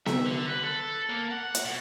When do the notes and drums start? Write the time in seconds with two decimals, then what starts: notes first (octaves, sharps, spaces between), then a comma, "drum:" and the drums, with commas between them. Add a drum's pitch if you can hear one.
0.06 E5, drum: snare B3
0.25 D3
0.48 B4
0.64 A4
1.09 A#3
1.31 F#5
1.55 drum: hi-hat
1.65 B2